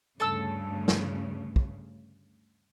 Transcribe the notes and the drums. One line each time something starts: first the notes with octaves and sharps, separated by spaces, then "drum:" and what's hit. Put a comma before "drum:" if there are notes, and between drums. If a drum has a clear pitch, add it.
D2 G2 C#3 A4 A5 E6
drum: snare
drum: kick